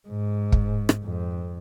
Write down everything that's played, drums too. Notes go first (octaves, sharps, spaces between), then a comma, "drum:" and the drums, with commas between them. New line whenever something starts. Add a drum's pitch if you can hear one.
G#2
drum: kick
drum: rim click
F2